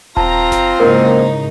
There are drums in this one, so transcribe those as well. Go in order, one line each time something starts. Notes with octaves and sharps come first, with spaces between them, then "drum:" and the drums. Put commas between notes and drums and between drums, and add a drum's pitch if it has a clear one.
C4 F4 A5 A#5, drum: kick D#1
drum: snare F#1
G#2 C#3 A#3 D#4 E4 A#4 C5